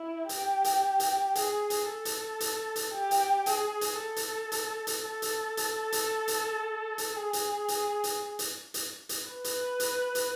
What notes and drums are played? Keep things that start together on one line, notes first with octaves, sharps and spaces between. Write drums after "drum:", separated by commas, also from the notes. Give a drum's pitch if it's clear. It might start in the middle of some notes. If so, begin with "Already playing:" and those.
Already playing: E4
G4, drum: hi-hat
drum: hi-hat
drum: hi-hat
G#4, drum: hi-hat
drum: hi-hat
A4
drum: hi-hat
drum: hi-hat
drum: hi-hat
G4
drum: hi-hat
G#4, drum: hi-hat
drum: hi-hat
A4
drum: hi-hat
drum: hi-hat
drum: hi-hat
A4
drum: hi-hat
drum: hi-hat
drum: hi-hat
drum: hi-hat
drum: hi-hat
G#4
drum: hi-hat
drum: hi-hat
drum: hi-hat
drum: hi-hat
drum: hi-hat
drum: hi-hat
B4
drum: hi-hat
drum: hi-hat
drum: hi-hat